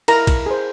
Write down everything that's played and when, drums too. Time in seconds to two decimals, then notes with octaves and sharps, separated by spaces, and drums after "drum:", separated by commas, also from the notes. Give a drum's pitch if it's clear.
0.08 E4 A#4 A#5, drum: cymbal
0.27 drum: kick, cymbal
0.46 G#4 C5